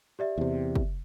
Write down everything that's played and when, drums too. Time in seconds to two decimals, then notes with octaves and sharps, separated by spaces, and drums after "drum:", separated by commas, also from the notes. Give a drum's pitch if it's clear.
0.19 G4 D5 E5
0.38 E2 C3
0.75 drum: kick